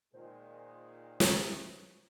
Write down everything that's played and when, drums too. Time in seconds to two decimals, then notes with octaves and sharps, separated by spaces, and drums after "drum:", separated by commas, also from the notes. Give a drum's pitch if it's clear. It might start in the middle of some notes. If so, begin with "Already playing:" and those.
0.14 A#2 D#3 G#3 C5
1.20 drum: snare